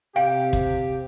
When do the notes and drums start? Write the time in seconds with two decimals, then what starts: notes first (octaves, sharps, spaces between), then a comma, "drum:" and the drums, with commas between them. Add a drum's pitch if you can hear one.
0.16 C3 G4 F5 G5 D7
0.53 drum: kick